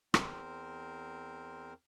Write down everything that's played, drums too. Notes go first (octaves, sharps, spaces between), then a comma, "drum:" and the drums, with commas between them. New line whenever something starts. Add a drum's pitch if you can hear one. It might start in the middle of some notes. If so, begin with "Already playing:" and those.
E2 C4 A#4 C5, drum: rim click